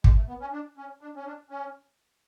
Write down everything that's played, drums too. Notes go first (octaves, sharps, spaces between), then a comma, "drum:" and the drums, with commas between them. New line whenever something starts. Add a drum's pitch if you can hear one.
G#3, drum: kick
A3
B3
C#4
D4
C#4
D4
C#4
D4
C#4